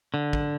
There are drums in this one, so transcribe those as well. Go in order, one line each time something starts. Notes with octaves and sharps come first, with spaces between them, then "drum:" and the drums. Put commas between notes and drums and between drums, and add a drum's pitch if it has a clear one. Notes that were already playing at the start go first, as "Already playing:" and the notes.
D3
drum: kick